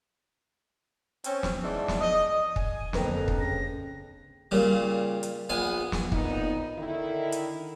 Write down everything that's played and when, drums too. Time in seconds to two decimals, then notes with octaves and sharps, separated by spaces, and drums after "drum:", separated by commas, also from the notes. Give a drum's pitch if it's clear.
1.24 C4 C#4, drum: hi-hat
1.43 drum: snare
1.63 G#2 E3 D4
1.88 drum: snare
2.01 D#5
2.56 G#5, drum: kick
2.93 F2 D3 A#3 B4 C5 A#5, drum: snare
3.28 drum: kick
3.40 C#3 A#6
4.51 A#2 C#3 G3
5.23 drum: hi-hat
5.49 A#1 B3 G#5
5.92 drum: snare
6.12 A#2 B3 C4 D#4, drum: kick
6.77 D3 D#3 E4
7.32 drum: hi-hat